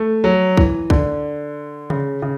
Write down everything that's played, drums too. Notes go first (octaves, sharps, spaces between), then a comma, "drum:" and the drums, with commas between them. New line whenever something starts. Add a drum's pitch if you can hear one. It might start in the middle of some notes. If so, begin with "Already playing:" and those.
Already playing: A3
F#3
E3, drum: kick
D3, drum: kick
C#3, drum: tom C#3
C#3